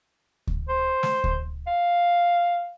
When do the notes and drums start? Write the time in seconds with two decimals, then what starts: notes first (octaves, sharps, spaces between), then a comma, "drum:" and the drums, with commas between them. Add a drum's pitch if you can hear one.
0.47 drum: kick D2
0.69 C5
1.03 drum: snare
1.24 drum: kick D2
1.67 F5